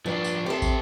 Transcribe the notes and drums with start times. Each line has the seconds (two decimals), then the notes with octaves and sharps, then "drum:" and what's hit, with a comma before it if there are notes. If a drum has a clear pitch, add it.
0.06 G2 F3 D4
0.24 drum: tambourine
0.46 C4 G4 A4 E5
0.62 drum: kick, tambourine